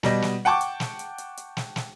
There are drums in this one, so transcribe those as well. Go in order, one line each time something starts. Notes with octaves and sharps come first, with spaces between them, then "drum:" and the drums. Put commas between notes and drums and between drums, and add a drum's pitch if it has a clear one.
B2 G3 D#5, drum: snare
drum: snare
F#5 G5 A5 C#6 D6
drum: hi-hat
drum: snare
drum: hi-hat
drum: hi-hat
drum: hi-hat
drum: snare
drum: snare